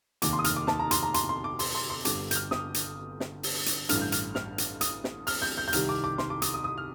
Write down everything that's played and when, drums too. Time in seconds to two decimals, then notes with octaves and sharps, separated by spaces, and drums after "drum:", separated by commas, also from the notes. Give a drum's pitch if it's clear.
0.22 F1 D#2 D#3 D6, drum: hi-hat
0.33 C6
0.39 D#6
0.44 F6, drum: hi-hat
0.56 D6
0.67 A5, drum: snare
0.79 A#5
0.91 C6, drum: hi-hat
1.03 A#5
1.14 C6, drum: hi-hat
1.29 C6
1.44 D6
1.59 C6, drum: open hi-hat
1.75 C6
1.90 C6
2.05 G1 G2 D3 G3 D6, drum: hi-hat
2.31 G6, drum: hi-hat
2.36 F6
2.51 D#6, drum: snare
2.74 drum: hi-hat
3.20 drum: snare
3.43 drum: open hi-hat
3.66 drum: hi-hat
3.89 A1 G2 D3 F6, drum: hi-hat
4.01 G6
4.12 F6, drum: hi-hat
4.35 F6, drum: snare
4.58 drum: hi-hat
4.81 D#6, drum: hi-hat
5.04 drum: snare
5.27 F6, drum: open hi-hat
5.42 G6
5.57 G6
5.68 G6
5.73 C2 C3 D#3 G3 F6, drum: hi-hat
5.89 D6
6.04 D6
6.18 C6, drum: snare
6.30 D6
6.42 D#6, drum: hi-hat
6.54 D#6
6.64 D#6
6.78 F6